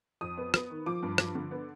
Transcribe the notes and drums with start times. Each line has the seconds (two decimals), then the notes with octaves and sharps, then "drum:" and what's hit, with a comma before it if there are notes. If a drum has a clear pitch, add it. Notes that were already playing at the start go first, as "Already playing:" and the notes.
0.21 F2 D#6
0.38 B3
0.54 B3, drum: rim click
0.70 D#3
0.86 F3 D6
1.03 G2
1.18 F3, drum: rim click
1.35 D3
1.51 B3